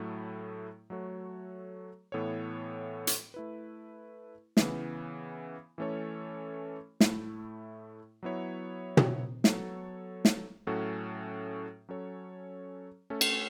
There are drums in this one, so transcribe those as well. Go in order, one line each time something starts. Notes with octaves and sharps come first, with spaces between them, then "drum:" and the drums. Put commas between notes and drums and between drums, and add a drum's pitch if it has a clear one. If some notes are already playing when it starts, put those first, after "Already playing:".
Already playing: A2 F#3 A3 E4
F#3 A3 F#4 A4 C#5
A2 E3 B3 A4 C#5
drum: hi-hat
A3 E4 B4
C#3 E3 B3, drum: snare
E3 A3 C#4 A4 C#5
A2 A3 E4, drum: snare
F#3 B3 E4 C#5
drum: tom
F#3 B3 A4 C#5, drum: snare
drum: snare
A2 F#3 C#4 F#4 A4
F#3 C#4 A4 C#5
A3 C#4 A4
drum: cymbal